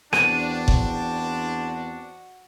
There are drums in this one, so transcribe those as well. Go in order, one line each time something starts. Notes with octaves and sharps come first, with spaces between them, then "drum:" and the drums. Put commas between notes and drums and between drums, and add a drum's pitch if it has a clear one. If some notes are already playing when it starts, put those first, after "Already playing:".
E2 C4 D4 F#4 D#7, drum: rim click
drum: kick F#1